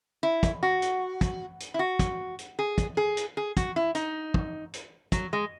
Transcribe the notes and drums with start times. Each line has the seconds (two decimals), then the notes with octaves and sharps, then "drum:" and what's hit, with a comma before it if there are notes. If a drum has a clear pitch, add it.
0.23 E4
0.43 drum: kick, hi-hat
0.63 F#4
0.82 drum: hi-hat
1.21 drum: kick, hi-hat
1.60 drum: hi-hat
1.74 E4
1.79 F#4
1.99 drum: kick, hi-hat
2.39 drum: hi-hat
2.59 G#4
2.78 drum: kick, hi-hat
2.97 G#4
3.17 drum: hi-hat
3.37 G#4
3.57 F#4, drum: kick, hi-hat
3.76 E4
3.95 D#4, drum: hi-hat
4.34 drum: kick
4.73 drum: hi-hat
5.12 F#3, drum: kick, hi-hat
5.33 G#3